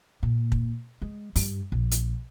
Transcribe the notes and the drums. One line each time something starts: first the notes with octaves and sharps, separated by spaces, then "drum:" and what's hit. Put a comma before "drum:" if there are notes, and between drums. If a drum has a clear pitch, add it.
A#2
drum: kick
G#3
G2, drum: open hi-hat
A#1
drum: hi-hat